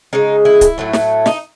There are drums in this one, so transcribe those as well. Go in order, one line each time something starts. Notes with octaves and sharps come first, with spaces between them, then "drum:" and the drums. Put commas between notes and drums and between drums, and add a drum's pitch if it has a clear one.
C#3 G#3 D#4
E4
drum: kick C#1, hi-hat
A2 F#3 A3
drum: snare
D#4, drum: snare